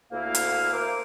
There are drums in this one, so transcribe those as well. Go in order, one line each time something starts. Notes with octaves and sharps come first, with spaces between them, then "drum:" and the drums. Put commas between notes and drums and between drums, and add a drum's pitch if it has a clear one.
D2 A#3 E4 F5
drum: hi-hat
A#4 C5 D6